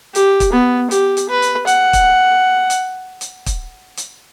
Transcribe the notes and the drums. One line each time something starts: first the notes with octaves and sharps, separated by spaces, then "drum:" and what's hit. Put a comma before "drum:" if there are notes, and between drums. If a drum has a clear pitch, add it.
G4, drum: hi-hat
drum: kick, hi-hat
B3
G4, drum: hi-hat
drum: hi-hat
B4
drum: hi-hat
F#5, drum: hi-hat
drum: kick, hi-hat
drum: hi-hat
drum: hi-hat
drum: kick, hi-hat
drum: hi-hat